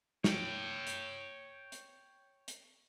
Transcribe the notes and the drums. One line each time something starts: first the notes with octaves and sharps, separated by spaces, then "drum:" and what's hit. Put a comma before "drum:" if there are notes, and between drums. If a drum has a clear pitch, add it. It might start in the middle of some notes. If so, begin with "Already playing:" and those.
C#5 G5, drum: snare
drum: hi-hat
drum: hi-hat
drum: hi-hat